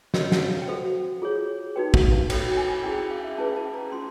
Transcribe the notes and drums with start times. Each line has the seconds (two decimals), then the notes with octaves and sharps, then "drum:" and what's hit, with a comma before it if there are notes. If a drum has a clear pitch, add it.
0.14 F#4 A#4 C#5 D#5, drum: snare
0.32 F#5, drum: snare
0.50 F5
0.62 G5
0.68 F#4 A4 C5 F#5
1.22 F4 G#4 C#5
1.76 D#4 F#4 B4 G5
1.94 F#5, drum: kick
2.12 F5
2.30 F#4 A4 C#5 G5, drum: cymbal
2.52 G5
2.57 G#5
2.84 C#4 E4 G#4 G5
2.98 G5
3.11 F5
3.24 E5
3.38 C#4 E4 G#4 B4 A5
3.56 A5
3.74 A#5
3.92 C#4 F4 C6